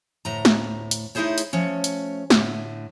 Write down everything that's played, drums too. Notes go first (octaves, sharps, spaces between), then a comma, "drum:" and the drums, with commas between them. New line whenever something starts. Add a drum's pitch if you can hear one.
D2 A2 A#5
drum: snare
drum: hi-hat
A3 D#4 E4 G#4 C5 C#5
drum: hi-hat
F3 A3 C#4 C#5
drum: hi-hat
A2 D3, drum: snare